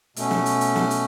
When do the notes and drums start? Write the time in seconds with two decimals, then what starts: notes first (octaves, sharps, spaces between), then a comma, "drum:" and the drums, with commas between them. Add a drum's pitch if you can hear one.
0.16 B2 A3 C#4, drum: hi-hat
0.31 drum: snare
0.46 drum: hi-hat
0.61 drum: hi-hat
0.76 drum: snare
0.90 drum: hi-hat